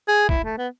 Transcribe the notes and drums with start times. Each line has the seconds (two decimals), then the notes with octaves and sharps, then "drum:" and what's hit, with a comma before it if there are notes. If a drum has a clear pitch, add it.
0.08 G#4
0.29 E4, drum: kick
0.44 A3
0.58 B3